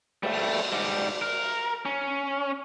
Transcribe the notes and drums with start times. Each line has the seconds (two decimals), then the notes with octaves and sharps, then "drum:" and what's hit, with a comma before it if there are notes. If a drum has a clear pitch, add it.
0.23 G3 A3, drum: cymbal
0.73 G#2 G3
1.22 A#4
1.85 C#4